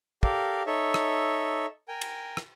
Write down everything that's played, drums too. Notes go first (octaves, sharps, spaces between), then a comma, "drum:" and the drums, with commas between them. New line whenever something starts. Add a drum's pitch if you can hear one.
G4 A4 A#4 D5 F5, drum: kick
D#4 A4 C#5 E5
drum: rim click
A#4 G5 G#5
drum: cymbal
drum: rim click